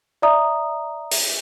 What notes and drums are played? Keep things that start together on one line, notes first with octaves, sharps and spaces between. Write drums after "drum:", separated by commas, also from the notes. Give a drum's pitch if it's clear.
D5 E5 A#5 D#6
drum: open hi-hat